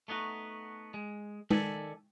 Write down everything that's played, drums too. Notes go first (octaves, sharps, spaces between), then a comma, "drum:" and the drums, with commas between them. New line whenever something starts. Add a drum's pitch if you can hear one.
A3 B3 D#4 F#4
G#3
D#3 A4 D5 E5 G#5, drum: tom